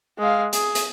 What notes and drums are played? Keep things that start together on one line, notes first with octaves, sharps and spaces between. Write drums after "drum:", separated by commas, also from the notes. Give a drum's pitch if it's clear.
G#3 F5
G#4, drum: hi-hat
drum: hi-hat